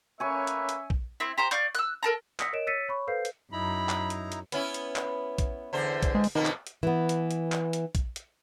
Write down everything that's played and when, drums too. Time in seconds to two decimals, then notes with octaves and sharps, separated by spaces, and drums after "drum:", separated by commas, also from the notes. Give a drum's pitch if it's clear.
0.20 A3 A#3 C#4 B4 C#5 E5 G#5 C#6
0.47 drum: hi-hat
0.69 drum: hi-hat
0.90 drum: kick A#1
1.20 C4 E4
1.38 G4 C5 A#5
1.51 D5 F5 C#6 G6, drum: hi-hat
1.75 E6 F#6, drum: hi-hat
2.03 A4 A#4 A5 A#5
2.40 D#6 E6 A#6 B6 C#7, drum: clap
2.53 A#4 C#5 D#5 D7 E7
2.67 C#5 E6 A6 B6 C#7 D#7
2.88 C#5 B5 C#6
3.07 A4 B4 C5 F5 G6 C7
3.25 drum: hi-hat
3.53 F#2 D#4 E4 A#5 B5
3.89 drum: clap
4.10 drum: hi-hat
4.32 drum: hi-hat
4.52 B3 C#4 E4, drum: hi-hat
4.74 drum: hi-hat
4.96 drum: clap
5.38 drum: kick A#1, hi-hat
5.73 E2 D3 C5
6.02 drum: kick A#1, hi-hat
6.15 G#3
6.24 drum: open hi-hat
6.35 F2 B2 D#3 A#3
6.45 drum: clap
6.67 drum: hi-hat
6.83 E3 B3
7.09 drum: hi-hat
7.31 drum: hi-hat
7.52 drum: clap
7.73 drum: hi-hat
7.95 drum: kick A#1, hi-hat
8.16 drum: hi-hat